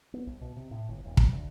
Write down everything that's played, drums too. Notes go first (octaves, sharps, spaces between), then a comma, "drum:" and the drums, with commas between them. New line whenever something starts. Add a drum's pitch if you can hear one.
B3
C2
B2
C3
A2
G1
D#1
F#3, drum: kick
D2